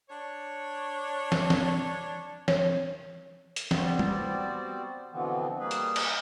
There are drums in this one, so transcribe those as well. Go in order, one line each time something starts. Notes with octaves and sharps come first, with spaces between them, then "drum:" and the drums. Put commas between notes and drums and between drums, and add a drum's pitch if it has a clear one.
D4 C#5
drum: snare
drum: snare
C#5, drum: snare
drum: hi-hat
G3 B3 C4 F#4 C5 D5, drum: snare
drum: tom
B2 D3 E3 F3 B3 C4
G3 A#3 G#4 B4
drum: hi-hat
drum: cymbal